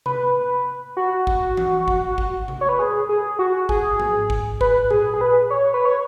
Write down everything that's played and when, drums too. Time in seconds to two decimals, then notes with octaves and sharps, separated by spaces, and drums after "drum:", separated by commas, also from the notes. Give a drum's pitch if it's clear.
0.06 B4, drum: tom C3
0.97 F#4
1.27 drum: kick G#1
1.57 drum: tom E3
1.88 drum: kick G#1
2.18 drum: kick G#1
2.48 drum: tom C3
2.61 C#5
2.69 B4
2.79 G#4
3.09 G#4
3.39 F#4
3.69 G#4, drum: kick G#1
4.00 drum: tom G#2
4.30 drum: kick G#1
4.61 B4, drum: kick G#1
4.90 G#4, drum: tom A#2
5.14 G#4
5.21 B4
5.50 C#5
5.74 B4
5.85 C#5